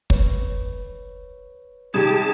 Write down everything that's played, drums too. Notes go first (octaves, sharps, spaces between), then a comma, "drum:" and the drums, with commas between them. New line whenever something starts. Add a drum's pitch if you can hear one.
B4 C#5, drum: kick
C3 D#3 G3 G4 G#4 A5 G#6